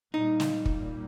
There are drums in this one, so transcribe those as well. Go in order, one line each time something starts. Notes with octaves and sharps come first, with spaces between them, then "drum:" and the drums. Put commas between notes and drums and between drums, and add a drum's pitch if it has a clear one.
A#2 G3 A#3 D#4
drum: snare
drum: kick